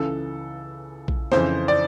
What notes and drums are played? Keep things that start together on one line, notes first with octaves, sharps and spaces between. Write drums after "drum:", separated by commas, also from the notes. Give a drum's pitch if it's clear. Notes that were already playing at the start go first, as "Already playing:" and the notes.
Already playing: C#2 C#3 E3 A4
drum: kick A#1
F2 C#3 E3 C5, drum: snare
D5